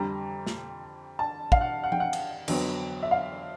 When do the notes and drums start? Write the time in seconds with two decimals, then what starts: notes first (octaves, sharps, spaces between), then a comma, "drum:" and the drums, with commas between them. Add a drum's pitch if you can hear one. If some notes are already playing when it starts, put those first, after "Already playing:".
Already playing: F2 D3 G3 A#5
0.47 drum: snare
1.19 A5
1.52 F5, drum: kick
1.61 F#5
1.84 F#5
1.92 G5, drum: tom F3
2.00 F#5
2.13 drum: cymbal
2.48 F2 D3 F#3 B3, drum: cymbal
3.03 E5
3.11 F5